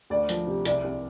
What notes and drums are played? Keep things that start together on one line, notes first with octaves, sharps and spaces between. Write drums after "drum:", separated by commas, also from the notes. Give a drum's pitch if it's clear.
D2 D5
F3, drum: hi-hat
C3
C2 D5, drum: hi-hat
C2